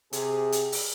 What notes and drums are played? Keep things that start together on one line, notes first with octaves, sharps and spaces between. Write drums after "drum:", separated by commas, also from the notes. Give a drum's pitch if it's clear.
C3 G#4, drum: hi-hat
drum: hi-hat
drum: open hi-hat